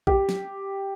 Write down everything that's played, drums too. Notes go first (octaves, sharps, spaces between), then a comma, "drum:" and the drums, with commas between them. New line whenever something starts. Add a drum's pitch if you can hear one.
G4, drum: kick A#1
drum: snare